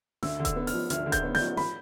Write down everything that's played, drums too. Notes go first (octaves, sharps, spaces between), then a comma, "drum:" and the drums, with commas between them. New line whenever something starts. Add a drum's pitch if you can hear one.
D2 E6, drum: snare
D3
E6, drum: kick D#1, hi-hat
B3
F6, drum: open hi-hat
F3
D2 F6, drum: hi-hat
D3
G6, drum: kick D#1, hi-hat
B3
G6, drum: snare
F3
B5, drum: snare